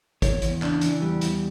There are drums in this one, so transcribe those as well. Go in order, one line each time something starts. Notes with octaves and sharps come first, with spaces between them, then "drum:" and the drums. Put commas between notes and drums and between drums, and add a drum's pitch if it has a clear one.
E2 C#5, drum: kick, hi-hat
E2, drum: hi-hat
C#3 D4, drum: clap
E3, drum: hi-hat
E2 G3
E2, drum: hi-hat